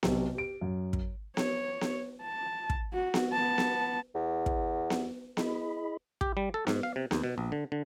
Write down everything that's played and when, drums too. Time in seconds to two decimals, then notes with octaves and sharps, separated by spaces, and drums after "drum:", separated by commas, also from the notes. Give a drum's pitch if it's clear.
0.03 B1 C3, drum: snare B3
0.35 G4 D7
0.61 F#2
0.93 drum: kick
1.37 C#5, drum: snare B3
1.81 drum: snare B3
2.22 A5
2.70 drum: kick
2.93 F#4
3.14 drum: snare B3
3.33 B3 A5
3.58 drum: snare B3
4.15 E2
4.46 drum: kick
4.90 drum: snare B3
5.37 E4 G#4 D#5 B5, drum: snare B3
6.21 G4, drum: kick
6.37 G3
6.54 A4
6.67 G#2, drum: snare B3
6.83 F5
6.96 C3
7.11 D#2, drum: snare B3
7.24 B2
7.38 A#1
7.52 D3
7.72 D3